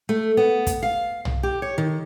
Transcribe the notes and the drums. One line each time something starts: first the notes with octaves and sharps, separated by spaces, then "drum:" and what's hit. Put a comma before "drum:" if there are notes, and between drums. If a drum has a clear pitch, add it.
A3
B3
drum: kick, hi-hat
F5
drum: tom
G4
C#5
D#3